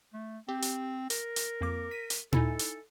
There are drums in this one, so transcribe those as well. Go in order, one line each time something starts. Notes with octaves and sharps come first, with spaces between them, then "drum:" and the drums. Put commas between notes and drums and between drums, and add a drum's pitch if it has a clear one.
A3
C4 G4
drum: hi-hat
A#4, drum: hi-hat
drum: hi-hat
F2 A#3 D6
B6 D#7
drum: hi-hat
D#4 E4 A4 G#5, drum: tom A#2
drum: hi-hat